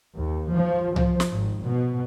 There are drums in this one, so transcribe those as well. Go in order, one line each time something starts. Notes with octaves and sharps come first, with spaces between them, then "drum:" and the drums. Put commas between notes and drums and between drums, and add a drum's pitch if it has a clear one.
D#2
F3
F3, drum: tom C2
drum: snare
G#1
B2